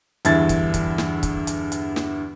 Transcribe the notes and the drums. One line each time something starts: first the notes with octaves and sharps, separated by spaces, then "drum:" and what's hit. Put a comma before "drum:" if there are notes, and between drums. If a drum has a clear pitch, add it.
E2 G2 D3 E5 G#6 A6, drum: hi-hat
drum: kick, hi-hat
drum: kick, hi-hat
drum: snare
drum: kick, hi-hat
drum: hi-hat
drum: hi-hat
drum: snare